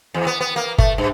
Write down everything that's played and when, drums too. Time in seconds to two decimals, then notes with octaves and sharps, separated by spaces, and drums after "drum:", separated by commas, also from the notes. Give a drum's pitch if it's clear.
0.14 E2
0.27 B3
0.41 B3
0.56 A#3
0.78 A3, drum: kick G1
0.98 G2